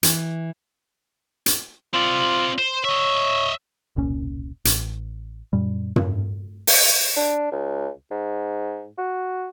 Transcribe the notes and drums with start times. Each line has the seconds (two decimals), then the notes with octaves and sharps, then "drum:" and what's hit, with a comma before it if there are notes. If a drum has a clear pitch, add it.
0.03 E3, drum: hi-hat
1.46 drum: hi-hat
1.94 C4 F4 D5
2.58 C5
2.84 C#5 D#5 E5
3.96 E1 C2 A#2 C#4
4.65 A1, drum: hi-hat
5.53 F#2 A#2 G3
5.96 F#2, drum: tom
6.67 drum: open hi-hat
7.17 D4
7.52 C#2
8.11 G#2
8.98 F#4